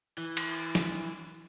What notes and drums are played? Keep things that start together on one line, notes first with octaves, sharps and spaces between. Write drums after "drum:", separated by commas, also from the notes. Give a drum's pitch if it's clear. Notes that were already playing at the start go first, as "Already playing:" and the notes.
E3
drum: cymbal
drum: snare